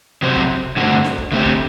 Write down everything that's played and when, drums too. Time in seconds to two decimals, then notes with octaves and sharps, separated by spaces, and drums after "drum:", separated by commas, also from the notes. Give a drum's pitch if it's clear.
0.22 C3 F#3 C4 F#4 C5
0.36 drum: kick
0.77 G2 D3 A3 C4 F#4
1.04 drum: snare D4
1.18 drum: kick
1.32 D3 A3 C4 G4
1.45 drum: kick